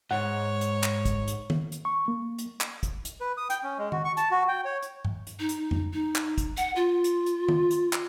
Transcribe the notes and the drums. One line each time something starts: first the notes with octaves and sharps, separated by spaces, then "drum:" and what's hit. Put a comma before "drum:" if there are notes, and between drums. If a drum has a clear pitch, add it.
G#2 C#5 F#5
drum: hi-hat
drum: clap
drum: kick, hi-hat
drum: hi-hat
drum: tom
drum: hi-hat
C#6
A#3
drum: hi-hat
drum: clap
drum: kick, hi-hat
drum: hi-hat
B4
D#6
G5, drum: hi-hat
C#4
G#3
F#4, drum: tom D#3
C#6
A5, drum: hi-hat
F#4
G5
C#5
drum: hi-hat
drum: tom G2
drum: hi-hat
D#4
drum: hi-hat
drum: tom F2
D#4
drum: clap
drum: kick, hi-hat
F#5, drum: hi-hat
F4
drum: hi-hat
drum: hi-hat
drum: tom
drum: hi-hat
drum: clap